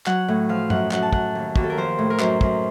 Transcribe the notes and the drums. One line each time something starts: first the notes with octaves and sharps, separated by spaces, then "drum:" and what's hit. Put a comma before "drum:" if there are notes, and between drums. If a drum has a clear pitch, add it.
F#3 F#5, drum: clap
A2
F3 F5
F#2 F#5, drum: tom
F#2 F#5, drum: clap
A5
F#2 F#5, drum: kick
D#2
D#2 F#4, drum: kick
A4
A#4
F3 C5
A2
A#4
F#2 C5, drum: clap
F#2, drum: kick